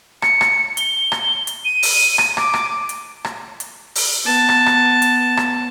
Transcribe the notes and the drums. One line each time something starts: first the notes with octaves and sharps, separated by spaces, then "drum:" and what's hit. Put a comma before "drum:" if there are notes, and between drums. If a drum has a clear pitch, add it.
C#7, drum: rim click
drum: rim click
G7, drum: hi-hat
drum: rim click
drum: hi-hat
D#7
drum: open hi-hat
drum: rim click
D6, drum: rim click
drum: rim click
drum: hi-hat
drum: rim click
drum: hi-hat
drum: open hi-hat
B3 A5
drum: rim click
drum: rim click
drum: hi-hat
drum: rim click